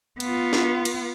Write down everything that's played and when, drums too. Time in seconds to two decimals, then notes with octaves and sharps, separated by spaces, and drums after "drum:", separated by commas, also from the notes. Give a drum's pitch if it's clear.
0.20 B3 F4, drum: cymbal
0.53 drum: snare
0.85 drum: cymbal